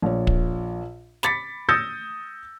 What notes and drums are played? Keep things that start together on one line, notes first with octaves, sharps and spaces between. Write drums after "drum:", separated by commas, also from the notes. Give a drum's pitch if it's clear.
A#1 C#5
drum: kick
B5 D6 A6 B6 C#7, drum: snare
D#6 E6 G6 A6 A#6 C#7